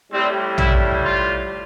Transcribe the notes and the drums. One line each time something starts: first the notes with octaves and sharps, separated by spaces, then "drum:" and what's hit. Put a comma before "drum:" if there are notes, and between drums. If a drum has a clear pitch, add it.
A2 G3 C4
E4, drum: tom A#1
F4